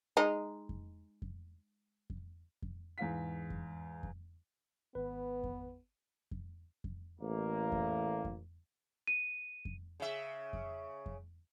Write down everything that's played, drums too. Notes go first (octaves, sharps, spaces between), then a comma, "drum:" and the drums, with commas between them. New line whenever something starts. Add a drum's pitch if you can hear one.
G#3 D#4
drum: kick F2
drum: kick F2
drum: kick F2
drum: kick F2
E2 G#2 F5 B6
drum: kick F2
drum: kick F2
G#1 B3 B4
drum: kick F2
drum: kick F2
drum: kick F2
A1 A#3
drum: kick F2
drum: kick F2
D#7
drum: kick F2
C#3 E5
drum: kick F2
drum: kick F2